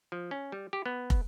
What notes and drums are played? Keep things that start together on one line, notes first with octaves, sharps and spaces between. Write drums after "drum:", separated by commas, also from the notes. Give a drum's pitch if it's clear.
F3
C#4
G3
G4
B3
drum: kick